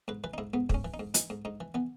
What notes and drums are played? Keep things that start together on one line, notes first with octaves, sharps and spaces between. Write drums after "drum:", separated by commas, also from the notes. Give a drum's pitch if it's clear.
G#2 B4
E3 B4
D#4
G#2 E4
G#2 B3
G#2 C#4, drum: kick
E3
D#4
G#2
E3 D#4, drum: hi-hat
G#2
G#2 D#4
E3
E3 B3